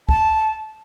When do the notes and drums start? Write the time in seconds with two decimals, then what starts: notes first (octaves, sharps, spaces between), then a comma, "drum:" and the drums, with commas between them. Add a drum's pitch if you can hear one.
0.09 A5, drum: kick C2